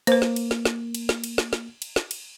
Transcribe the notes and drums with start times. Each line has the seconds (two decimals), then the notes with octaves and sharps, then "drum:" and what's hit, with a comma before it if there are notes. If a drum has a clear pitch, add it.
0.07 A#3 B4 C5, drum: cymbal
0.22 drum: snare
0.36 drum: cymbal
0.51 drum: snare
0.65 drum: snare
0.95 drum: cymbal
1.09 drum: snare
1.24 drum: cymbal
1.38 drum: snare
1.53 drum: snare
1.82 drum: cymbal
1.96 drum: snare
2.11 drum: cymbal